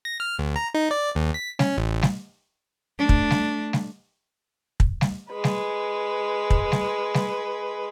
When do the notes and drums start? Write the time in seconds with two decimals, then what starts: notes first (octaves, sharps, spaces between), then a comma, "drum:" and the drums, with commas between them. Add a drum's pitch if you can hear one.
0.05 A#6
0.20 F6
0.39 D2
0.56 A#5
0.74 D#4
0.91 D5
1.15 D#2
1.34 B6
1.59 C#4, drum: snare G3
1.77 A1
2.02 drum: snare G3
2.99 A3 D4
3.09 drum: kick
3.30 drum: snare G3
3.73 drum: snare G3
4.80 drum: kick
5.01 drum: snare G3
5.31 G#3 B4
5.44 drum: snare G3
6.50 drum: kick
6.72 drum: snare G3
7.14 drum: snare G3